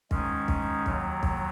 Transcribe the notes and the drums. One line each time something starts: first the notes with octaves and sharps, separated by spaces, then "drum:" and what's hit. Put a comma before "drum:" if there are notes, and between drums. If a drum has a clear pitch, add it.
G#2 D#3 G#3 C#4, drum: kick
drum: kick
D#2 D#3 F#3, drum: kick
drum: kick